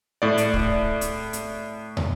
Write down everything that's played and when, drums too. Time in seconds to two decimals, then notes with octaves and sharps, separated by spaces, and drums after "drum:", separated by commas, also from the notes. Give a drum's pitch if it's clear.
0.22 A2 D5
0.38 drum: hi-hat
0.54 drum: kick
1.01 drum: hi-hat
1.33 drum: hi-hat
1.97 drum: tom